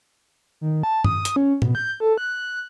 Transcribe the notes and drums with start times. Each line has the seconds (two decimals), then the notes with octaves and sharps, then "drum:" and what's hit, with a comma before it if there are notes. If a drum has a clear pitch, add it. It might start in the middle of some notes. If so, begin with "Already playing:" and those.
0.61 D#3
0.83 A5
1.04 D#6, drum: tom G2
1.25 drum: hi-hat
1.36 C#4
1.62 B2, drum: tom
1.75 G6
2.00 A4
2.18 F#6